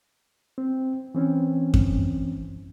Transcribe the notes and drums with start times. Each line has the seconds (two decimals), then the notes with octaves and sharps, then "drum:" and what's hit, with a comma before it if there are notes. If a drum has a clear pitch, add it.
0.58 C4
1.15 E3 C4 C#4
1.74 drum: kick F#2